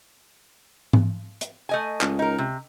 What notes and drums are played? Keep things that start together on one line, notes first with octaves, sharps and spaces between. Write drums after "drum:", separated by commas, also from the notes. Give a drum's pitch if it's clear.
drum: tom G#2
drum: hi-hat
A3 D#5 G#5
C#2, drum: clap
D#4 A#4
C3